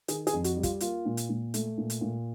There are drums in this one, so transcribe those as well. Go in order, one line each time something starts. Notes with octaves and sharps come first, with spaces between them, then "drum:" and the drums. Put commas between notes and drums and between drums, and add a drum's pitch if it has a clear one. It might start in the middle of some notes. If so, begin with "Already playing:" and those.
D#3 G#4, drum: hi-hat
G#4, drum: hi-hat
F2
F#4, drum: hi-hat
G3
F4, drum: kick, hi-hat
A#3 F4, drum: hi-hat
A#2
drum: hi-hat
A#2
A3, drum: hi-hat
A#2
drum: hi-hat
A#2